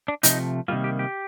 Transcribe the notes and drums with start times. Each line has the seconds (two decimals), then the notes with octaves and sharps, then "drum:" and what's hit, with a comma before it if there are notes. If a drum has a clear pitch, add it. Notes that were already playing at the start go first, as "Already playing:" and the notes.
0.08 D4
0.23 C3 F3 A3 D#4, drum: hi-hat
0.68 C3 D#3 G3 A#3 F4
0.84 G4
0.99 G4